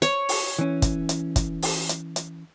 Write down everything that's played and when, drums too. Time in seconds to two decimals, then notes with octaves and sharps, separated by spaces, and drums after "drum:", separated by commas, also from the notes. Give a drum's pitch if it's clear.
0.02 C#5, drum: hi-hat
0.29 drum: open hi-hat
0.59 E3 C#4
0.82 drum: kick, hi-hat
1.09 drum: hi-hat
1.36 drum: kick, hi-hat
1.62 drum: open hi-hat
1.89 drum: hi-hat
2.16 drum: hi-hat